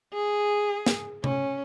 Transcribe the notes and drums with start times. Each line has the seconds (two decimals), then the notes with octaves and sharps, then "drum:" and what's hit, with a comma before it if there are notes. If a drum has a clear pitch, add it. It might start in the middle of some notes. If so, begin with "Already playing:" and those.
0.13 G#4
0.86 drum: snare
1.24 C#4, drum: tom C3